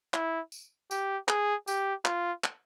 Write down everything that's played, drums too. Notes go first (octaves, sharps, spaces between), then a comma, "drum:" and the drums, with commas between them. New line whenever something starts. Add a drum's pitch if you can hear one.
E4, drum: clap
drum: tambourine
G4, drum: tambourine
G#4, drum: clap
G4, drum: tambourine
F4, drum: clap
drum: clap